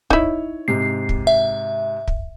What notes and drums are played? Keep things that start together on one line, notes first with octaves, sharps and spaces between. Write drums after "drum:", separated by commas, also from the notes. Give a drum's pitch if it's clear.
D#4 E4 C#5, drum: kick
G#2 C3 G4 C7
drum: kick
E5
drum: kick